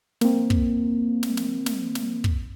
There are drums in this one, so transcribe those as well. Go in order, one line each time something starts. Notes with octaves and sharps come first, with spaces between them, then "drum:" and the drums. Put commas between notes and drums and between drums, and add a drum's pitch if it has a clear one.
A#3 C4, drum: snare
drum: kick
drum: snare
drum: snare
drum: snare
drum: snare
drum: kick